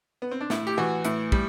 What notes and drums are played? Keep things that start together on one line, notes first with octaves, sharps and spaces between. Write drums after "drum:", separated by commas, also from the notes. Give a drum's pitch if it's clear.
B3
C4
D4
A2 E4, drum: snare
G4
E3 F#4
A2 E4, drum: hi-hat
G3, drum: kick